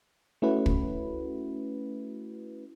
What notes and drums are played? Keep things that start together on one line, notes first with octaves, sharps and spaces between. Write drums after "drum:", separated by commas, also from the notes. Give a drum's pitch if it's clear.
A3 C#4 E4 F#4 B4
drum: kick